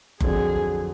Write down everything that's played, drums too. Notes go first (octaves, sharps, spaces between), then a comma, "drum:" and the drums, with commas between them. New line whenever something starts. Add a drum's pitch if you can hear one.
F2 D3 F#3 G#4, drum: kick F#1